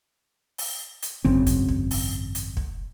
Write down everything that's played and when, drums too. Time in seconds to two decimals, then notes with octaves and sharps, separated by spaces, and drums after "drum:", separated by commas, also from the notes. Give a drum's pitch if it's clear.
0.58 drum: open hi-hat
1.02 drum: hi-hat
1.24 G#1 F#2 C#3 C4
1.47 drum: kick, hi-hat
1.69 drum: kick
1.91 drum: open hi-hat
2.35 drum: hi-hat
2.57 drum: kick